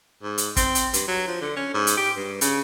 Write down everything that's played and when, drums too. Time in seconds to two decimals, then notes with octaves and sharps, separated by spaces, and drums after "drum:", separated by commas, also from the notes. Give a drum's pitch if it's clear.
0.23 G#2
0.38 drum: hi-hat
0.56 C4, drum: kick, hi-hat
0.75 drum: hi-hat
0.94 G2, drum: hi-hat
1.08 F#3
1.28 F3
1.41 D3
1.56 C#4
1.74 G#2
1.87 drum: hi-hat
1.97 G4
2.17 G2
2.41 C#3, drum: hi-hat